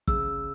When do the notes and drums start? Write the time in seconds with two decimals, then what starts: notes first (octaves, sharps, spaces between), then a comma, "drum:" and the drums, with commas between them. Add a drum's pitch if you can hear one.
0.08 C#3 E6, drum: kick